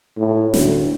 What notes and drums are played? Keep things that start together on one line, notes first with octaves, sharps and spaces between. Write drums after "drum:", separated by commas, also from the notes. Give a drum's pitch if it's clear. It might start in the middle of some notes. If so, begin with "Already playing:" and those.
A2
D2, drum: snare